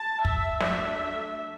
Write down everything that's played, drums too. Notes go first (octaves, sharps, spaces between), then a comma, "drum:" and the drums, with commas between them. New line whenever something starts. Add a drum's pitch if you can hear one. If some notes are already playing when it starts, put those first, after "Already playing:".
Already playing: A5
E5, drum: kick
F#3 A3 D4 E5, drum: snare